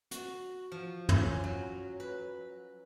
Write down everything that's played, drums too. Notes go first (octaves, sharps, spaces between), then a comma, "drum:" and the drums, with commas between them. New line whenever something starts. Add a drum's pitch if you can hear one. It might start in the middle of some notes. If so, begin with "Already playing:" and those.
F#4, drum: hi-hat
F3
C#4, drum: tom
F#3
B4